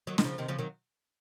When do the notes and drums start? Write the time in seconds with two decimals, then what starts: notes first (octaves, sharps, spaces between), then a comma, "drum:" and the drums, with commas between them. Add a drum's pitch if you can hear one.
0.07 D#3 F#3
0.18 D#3, drum: snare
0.23 C#3 F3
0.38 C3 D#3
0.48 C#3 F3
0.59 D#3 F#3